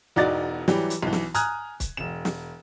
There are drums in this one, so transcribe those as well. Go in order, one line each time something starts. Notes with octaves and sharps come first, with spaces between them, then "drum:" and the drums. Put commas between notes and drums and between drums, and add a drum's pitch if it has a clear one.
E1 E2 D#4 F#4 D5 A6
E3 F#3 G3 G4, drum: snare
drum: hi-hat
B1 E3
drum: snare
G#5 A#5 D#6 F6 F#6 G#6, drum: hi-hat
drum: kick, hi-hat
E1 E7
drum: snare